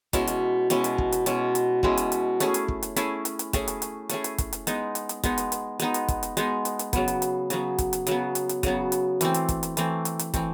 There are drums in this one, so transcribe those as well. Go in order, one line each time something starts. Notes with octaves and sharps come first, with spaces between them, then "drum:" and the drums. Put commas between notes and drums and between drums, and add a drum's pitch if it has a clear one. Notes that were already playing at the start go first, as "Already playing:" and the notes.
B2 G#3 C#4 E4, drum: kick, hi-hat
drum: hi-hat
B2 G#3 C#4 E4, drum: hi-hat
drum: hi-hat
drum: kick
drum: hi-hat
B2 G#3 C#4 E4, drum: hi-hat
drum: hi-hat
B2 G#3 C#4 E4, drum: kick
drum: hi-hat
drum: hi-hat
A3 C#4 E4 G#4, drum: hi-hat
drum: hi-hat
drum: kick
drum: hi-hat
A3 C#4 E4 G#4, drum: hi-hat
drum: hi-hat
drum: hi-hat
A3 C#4 E4 G#4, drum: kick, hi-hat
drum: hi-hat
drum: hi-hat
A3 C#4 E4 G#4, drum: hi-hat
drum: hi-hat
drum: kick, hi-hat
drum: hi-hat
G#3 B3 D#4, drum: hi-hat
drum: hi-hat
drum: hi-hat
G#3 B3 D#4, drum: kick, hi-hat
drum: hi-hat
drum: hi-hat
G#3 B3 D#4, drum: hi-hat
drum: hi-hat
drum: kick, hi-hat
drum: hi-hat
G#3 B3 D#4, drum: hi-hat
drum: hi-hat
drum: hi-hat
C#3 F#3 B3, drum: kick, hi-hat
drum: hi-hat
drum: hi-hat
C#3 F#3 B3, drum: hi-hat
drum: kick, hi-hat
drum: hi-hat
C#3 F#3 B3, drum: hi-hat
drum: hi-hat
drum: hi-hat
C#3 F#3 B3, drum: kick, hi-hat
drum: hi-hat
E3 A3 C4, drum: hi-hat
drum: hi-hat
drum: kick, hi-hat
drum: hi-hat
E3 A3 C4, drum: hi-hat
drum: hi-hat
drum: hi-hat
E3 A3 C4, drum: kick, hi-hat